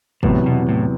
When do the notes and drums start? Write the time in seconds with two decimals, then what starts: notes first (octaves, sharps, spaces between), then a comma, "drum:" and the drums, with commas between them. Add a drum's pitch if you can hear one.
0.23 E2 A2 C3 F#3 B3 E4, drum: kick
0.46 B2
0.69 A2